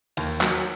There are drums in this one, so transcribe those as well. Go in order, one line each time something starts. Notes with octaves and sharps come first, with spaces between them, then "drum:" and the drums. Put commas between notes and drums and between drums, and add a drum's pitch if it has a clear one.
D#2, drum: cymbal
F#3, drum: clap